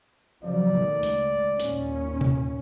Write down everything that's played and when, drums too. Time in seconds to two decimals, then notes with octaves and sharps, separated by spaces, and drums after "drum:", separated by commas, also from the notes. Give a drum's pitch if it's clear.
0.45 C#3 F3 F#3 D5
0.74 B2 D#3 A3
1.03 C#2, drum: hi-hat
1.60 D#2 A#2 C#4, drum: hi-hat
2.21 drum: tom C3